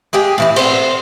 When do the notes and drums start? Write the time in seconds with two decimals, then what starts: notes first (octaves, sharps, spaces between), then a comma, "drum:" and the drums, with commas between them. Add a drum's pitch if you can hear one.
0.13 G#3 G4 G#4 G5
0.38 A2 E3 E4
0.56 C4 C5, drum: cymbal